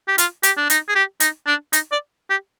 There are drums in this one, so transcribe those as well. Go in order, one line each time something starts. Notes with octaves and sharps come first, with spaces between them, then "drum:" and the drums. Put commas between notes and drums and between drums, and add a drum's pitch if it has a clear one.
G4
F4, drum: hi-hat
G4, drum: hi-hat
D4
D#4, drum: hi-hat
G#4
G4
D#4, drum: hi-hat
D4
D#4, drum: hi-hat
D5
G4